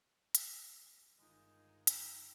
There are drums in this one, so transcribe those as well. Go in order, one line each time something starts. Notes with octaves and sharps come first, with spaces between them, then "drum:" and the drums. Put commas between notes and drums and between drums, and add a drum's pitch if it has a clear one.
drum: hi-hat
G1 D#3 G#3 D#4 F4
G5 A#5, drum: hi-hat